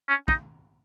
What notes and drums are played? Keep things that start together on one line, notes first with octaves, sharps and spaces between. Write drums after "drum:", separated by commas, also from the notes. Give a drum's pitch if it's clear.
C#4
D#4, drum: kick